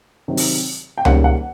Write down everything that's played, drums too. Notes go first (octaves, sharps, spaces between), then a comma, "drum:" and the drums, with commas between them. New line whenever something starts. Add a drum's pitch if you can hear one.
C3 D#3 F#3
drum: open hi-hat
G5
G#2 D#3 G3 A#3 C#4 F#5, drum: tom C#2
F#5